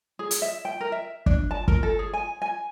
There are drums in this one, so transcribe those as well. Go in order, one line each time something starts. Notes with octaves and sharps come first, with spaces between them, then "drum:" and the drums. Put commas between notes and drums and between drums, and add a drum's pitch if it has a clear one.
G#4
drum: hi-hat
E5
G5
A#4
E5
D4, drum: kick
A5
A#4, drum: kick
A4
G#4
G#5
G#5